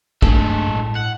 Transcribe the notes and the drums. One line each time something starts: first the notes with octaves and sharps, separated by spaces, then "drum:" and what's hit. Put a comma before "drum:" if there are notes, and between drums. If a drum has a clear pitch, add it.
G2 G#3 A3 D4 A4, drum: kick
A2
F#5